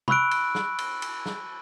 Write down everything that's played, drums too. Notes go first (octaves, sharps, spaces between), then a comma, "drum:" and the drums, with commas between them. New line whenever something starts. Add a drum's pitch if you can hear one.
B5 C#6 E6 F#6 D7, drum: tom
drum: cymbal
drum: snare
drum: cymbal
drum: cymbal
drum: snare